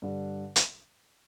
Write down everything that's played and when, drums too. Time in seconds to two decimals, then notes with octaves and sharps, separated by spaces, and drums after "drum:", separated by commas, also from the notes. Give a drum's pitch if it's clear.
0.02 G2 D3 G3
0.56 drum: hi-hat